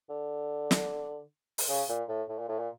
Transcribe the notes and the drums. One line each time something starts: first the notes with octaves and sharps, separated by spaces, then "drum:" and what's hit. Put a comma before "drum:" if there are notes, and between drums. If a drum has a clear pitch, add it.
D3
drum: snare
drum: open hi-hat
C#3
A#2
A2
A2
A#2
A2
A#2